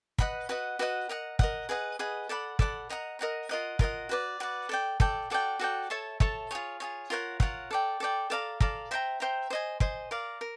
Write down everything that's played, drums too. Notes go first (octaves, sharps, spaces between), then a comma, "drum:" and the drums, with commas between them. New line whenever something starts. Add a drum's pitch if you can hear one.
B4 D#5 F#5 B5, drum: kick
F#4 B4 D#5 F#5
F#4 B4 D#5 F#5
A#4 D#5 F#5
A#4 D#5 F#5, drum: kick
G#4 B4 D#5 F#5
G#4 B4 D#5 F#5
A4 D5 F#5 B5
A4 D5 F#5 B5, drum: kick
A#4 D#5 F#5 A#5
A#4 D#5 F#5 A#5
F4 A#4 D#5 F#5
F4 A#4 D#5 F#5, drum: kick
F#4 B4 D5
F#4 B4 D5
A4 D5 G5
A4 D5 G5, drum: kick
F#4 A4 D5 G5
F#4 A4 D5 G5
A4 C#5 E5 A5
A4 C#5 E5 A5, drum: kick
F4 G#4 C#5
F4 G#4 C#5
F4 A#4 C#5 F#5
F4 A#4 C#5 F#5, drum: kick
A4 D5 G5
A4 D5 G5
A4 D5 F5 A#5
A4 D5 F5 A#5, drum: kick
C5 E5 G5 A#5
C5 E5 G5 A#5
C5 D#5 G#5
C5 D#5 G#5, drum: kick
A#4 D5 F5
A#4